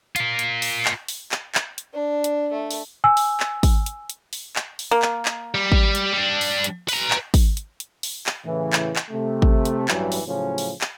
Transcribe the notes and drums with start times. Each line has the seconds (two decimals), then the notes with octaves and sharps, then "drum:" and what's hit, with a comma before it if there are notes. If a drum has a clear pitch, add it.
0.16 F4 A#4, drum: hi-hat
0.39 drum: hi-hat
0.62 drum: open hi-hat
0.85 drum: clap
1.08 drum: open hi-hat
1.32 drum: clap
1.55 drum: clap
1.78 drum: hi-hat
1.93 D4
2.24 drum: hi-hat
2.52 A3
2.71 drum: open hi-hat
3.04 G#5 E6
3.17 drum: open hi-hat
3.40 drum: clap
3.63 drum: kick G#1, open hi-hat
3.86 drum: hi-hat
4.10 drum: hi-hat
4.33 drum: open hi-hat
4.56 drum: clap
4.79 drum: open hi-hat
4.91 A#3
5.02 drum: clap
5.25 drum: clap
5.55 G3
5.72 drum: kick G#1
5.95 drum: hi-hat
6.14 G3 D4
6.41 drum: open hi-hat
6.64 drum: hi-hat
6.88 B4 A#5, drum: open hi-hat
7.11 drum: clap
7.34 drum: kick G#1, open hi-hat
7.57 drum: hi-hat
7.80 drum: hi-hat
8.03 drum: open hi-hat
8.26 drum: clap
8.45 A2 C#3 E3
8.73 drum: clap
8.96 drum: clap
9.11 C3 A3
9.42 drum: kick G#1
9.65 drum: hi-hat
9.88 A1 G2 E3 F#3, drum: clap
10.12 drum: open hi-hat
10.26 A2 C#3 F3 F#3 C#4
10.58 drum: open hi-hat
10.81 drum: clap